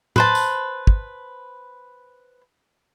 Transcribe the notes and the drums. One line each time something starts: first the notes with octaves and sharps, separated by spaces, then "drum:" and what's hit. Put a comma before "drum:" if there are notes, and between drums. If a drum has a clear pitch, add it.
B4 C5 A5, drum: tom A2
drum: tambourine
drum: kick